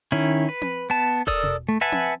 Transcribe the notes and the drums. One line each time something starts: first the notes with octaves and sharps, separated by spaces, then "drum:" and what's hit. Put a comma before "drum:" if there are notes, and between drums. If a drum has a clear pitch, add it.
D#3 C#4 E4
B4
drum: tom C4
B3 A5
A4 A#4 D5 D#6 E6, drum: kick E1
drum: tom
A3
B4 E5 F#5 G#5 A5
drum: tom C4